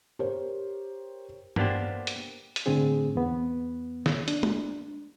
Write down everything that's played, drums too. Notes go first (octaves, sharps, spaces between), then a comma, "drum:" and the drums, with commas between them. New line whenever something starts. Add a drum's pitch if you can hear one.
G4 A#4 C5 C#5
A#3 B3 D4 G4 C5, drum: tom G2
drum: hi-hat
drum: hi-hat
A2 D3 A3 C4 G#4
E2 B3
drum: snare
D4, drum: hi-hat
drum: tom G#3